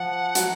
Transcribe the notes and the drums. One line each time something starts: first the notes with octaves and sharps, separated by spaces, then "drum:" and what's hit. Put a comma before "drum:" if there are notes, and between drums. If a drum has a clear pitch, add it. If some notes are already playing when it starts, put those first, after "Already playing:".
Already playing: F3 F#5
F#3, drum: hi-hat